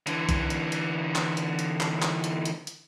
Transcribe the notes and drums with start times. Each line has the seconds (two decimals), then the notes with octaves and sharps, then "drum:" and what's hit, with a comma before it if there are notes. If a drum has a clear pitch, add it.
0.07 D3 E3, drum: hi-hat
0.29 drum: kick, hi-hat
0.50 drum: hi-hat
0.72 drum: hi-hat
1.15 drum: clap
1.37 drum: hi-hat
1.59 drum: hi-hat
1.80 drum: clap
2.02 drum: clap
2.24 drum: hi-hat
2.45 drum: hi-hat
2.67 drum: hi-hat